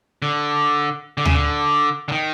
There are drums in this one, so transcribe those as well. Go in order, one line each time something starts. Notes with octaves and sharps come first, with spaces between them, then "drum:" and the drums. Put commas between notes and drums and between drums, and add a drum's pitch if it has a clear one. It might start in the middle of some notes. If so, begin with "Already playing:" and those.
D3
D3
C#3, drum: tom D2
D3
D3
D#3